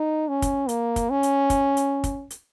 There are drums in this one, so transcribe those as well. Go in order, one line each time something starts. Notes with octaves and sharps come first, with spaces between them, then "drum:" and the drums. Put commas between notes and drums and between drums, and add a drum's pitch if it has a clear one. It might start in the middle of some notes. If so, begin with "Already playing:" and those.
Already playing: D#4
C#4
drum: kick, hi-hat
A#3, drum: hi-hat
drum: kick, hi-hat
C#4
drum: hi-hat
drum: kick, hi-hat
drum: hi-hat
drum: kick, hi-hat
drum: hi-hat